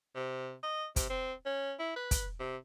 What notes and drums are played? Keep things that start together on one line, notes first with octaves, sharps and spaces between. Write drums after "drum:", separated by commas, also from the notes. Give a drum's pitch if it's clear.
C3
D#5
C3, drum: kick, hi-hat
C4
C#4
E4
B4
drum: kick, hi-hat
C3